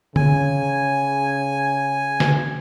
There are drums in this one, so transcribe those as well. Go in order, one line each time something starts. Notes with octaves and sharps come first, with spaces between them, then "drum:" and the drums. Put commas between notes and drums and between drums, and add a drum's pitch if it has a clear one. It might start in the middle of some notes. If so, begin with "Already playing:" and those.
C#3 G#5, drum: tom D3
drum: snare